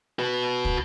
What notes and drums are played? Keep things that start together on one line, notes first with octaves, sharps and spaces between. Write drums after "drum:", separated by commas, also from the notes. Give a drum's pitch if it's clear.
F#4 B4
drum: kick